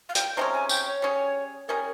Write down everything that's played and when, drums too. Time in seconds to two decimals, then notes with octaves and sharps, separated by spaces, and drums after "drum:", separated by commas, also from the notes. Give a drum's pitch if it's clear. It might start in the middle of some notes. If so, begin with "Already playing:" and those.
0.09 F5
0.15 G5, drum: hi-hat
0.37 C3 F3 G#3 C#4 A#5
0.53 G#5
0.69 G5, drum: tambourine
0.86 C#5
1.02 G3 C#4 G#4
1.68 G3 C#4 G#4 A#4